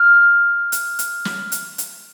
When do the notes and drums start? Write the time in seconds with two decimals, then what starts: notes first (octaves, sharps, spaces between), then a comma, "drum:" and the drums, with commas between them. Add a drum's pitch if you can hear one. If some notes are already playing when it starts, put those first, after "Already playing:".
Already playing: F6
0.72 drum: hi-hat
0.99 drum: hi-hat
1.25 drum: snare
1.52 drum: hi-hat
1.78 drum: hi-hat